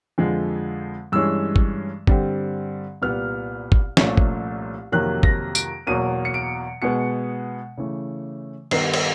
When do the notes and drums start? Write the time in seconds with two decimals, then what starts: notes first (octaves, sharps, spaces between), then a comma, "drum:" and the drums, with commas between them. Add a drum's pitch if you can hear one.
0.18 F2 D3 F3 G#3
1.12 G2 E3 G#3 C#4 E6
1.56 drum: kick G1
2.07 G2 D3 G3 C4, drum: kick G1
3.02 C2 A#2 G3 B3 F6
3.72 drum: kick G1
3.97 C2 A#2 F3 A3 C#4, drum: snare
4.17 drum: kick G1
4.92 F2 C3 D#3 F#3 A#3 F#6
5.23 A#6, drum: kick G1
5.55 D7, drum: tambourine
5.87 E2 B2 F#3 A#3 D#7
6.25 C#7
6.34 D7
6.82 B2 G#3 B3 C#7
7.77 C#3 E3 A3
8.71 G2 D#3 G3 B3 D#4 C7, drum: cymbal
8.94 drum: cymbal